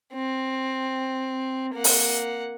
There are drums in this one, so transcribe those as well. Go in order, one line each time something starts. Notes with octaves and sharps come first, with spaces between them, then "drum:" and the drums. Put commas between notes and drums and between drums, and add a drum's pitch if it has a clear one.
C4
A#3 F#5
drum: open hi-hat